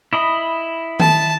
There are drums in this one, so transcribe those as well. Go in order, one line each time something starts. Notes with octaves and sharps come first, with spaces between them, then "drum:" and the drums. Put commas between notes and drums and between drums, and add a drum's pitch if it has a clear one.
E4 D#5 B5
A5, drum: tom D#3